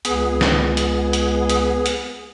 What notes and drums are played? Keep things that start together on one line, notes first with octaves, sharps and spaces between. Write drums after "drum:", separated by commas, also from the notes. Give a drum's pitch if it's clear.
C#2 B3 G#4, drum: hi-hat
drum: snare
drum: hi-hat
drum: hi-hat
drum: hi-hat
drum: hi-hat